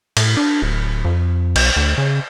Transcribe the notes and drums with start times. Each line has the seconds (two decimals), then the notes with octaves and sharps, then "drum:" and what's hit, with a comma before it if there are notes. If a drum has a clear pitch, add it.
0.17 A2, drum: cymbal
0.37 D4
0.62 D1
1.05 F2
1.56 B1, drum: cymbal
1.76 D2
1.98 C#3